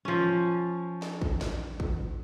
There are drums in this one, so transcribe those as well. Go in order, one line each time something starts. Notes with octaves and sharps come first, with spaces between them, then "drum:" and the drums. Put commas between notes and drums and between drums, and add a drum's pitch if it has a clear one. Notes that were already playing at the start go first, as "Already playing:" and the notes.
F3 C#4
drum: snare
drum: kick
drum: snare
drum: kick